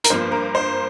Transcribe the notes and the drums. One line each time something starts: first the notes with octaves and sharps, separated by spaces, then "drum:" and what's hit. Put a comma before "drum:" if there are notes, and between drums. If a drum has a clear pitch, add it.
A#4, drum: hi-hat
G2 F3 A#3 C5
A#4
C5